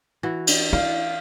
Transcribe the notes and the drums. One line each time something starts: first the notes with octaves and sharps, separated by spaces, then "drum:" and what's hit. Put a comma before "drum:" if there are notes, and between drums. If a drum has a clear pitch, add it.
E3 F#4
drum: cymbal
E4 F5